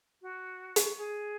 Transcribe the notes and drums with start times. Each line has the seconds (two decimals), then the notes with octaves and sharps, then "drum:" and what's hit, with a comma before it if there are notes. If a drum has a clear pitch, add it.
0.22 F#4
0.76 drum: hi-hat
0.96 G#4